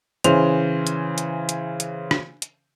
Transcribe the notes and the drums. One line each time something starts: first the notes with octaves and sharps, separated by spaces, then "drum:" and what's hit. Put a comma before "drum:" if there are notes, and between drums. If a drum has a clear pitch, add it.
C#3 E3 C#4 C5 F7, drum: hi-hat
drum: hi-hat
drum: hi-hat
drum: hi-hat
drum: hi-hat
drum: rim click
drum: hi-hat